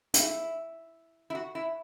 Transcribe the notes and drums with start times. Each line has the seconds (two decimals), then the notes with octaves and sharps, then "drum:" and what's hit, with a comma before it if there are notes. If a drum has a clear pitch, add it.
0.14 E4, drum: hi-hat
1.30 E4
1.35 F#4
1.55 E4